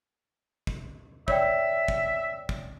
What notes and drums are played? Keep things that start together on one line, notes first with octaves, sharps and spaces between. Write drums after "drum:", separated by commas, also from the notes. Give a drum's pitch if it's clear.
drum: kick
C#5 D5 E5 G5, drum: kick
drum: kick
drum: kick